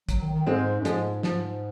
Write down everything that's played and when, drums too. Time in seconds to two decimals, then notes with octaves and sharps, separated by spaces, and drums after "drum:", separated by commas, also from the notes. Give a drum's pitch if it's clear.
0.09 F#3, drum: kick, hi-hat
0.21 D#3
0.34 D#3
0.46 G#2 G#3 C4
0.80 F#2
0.85 G#2 F3 G#3, drum: hi-hat
1.23 G#2 F3, drum: snare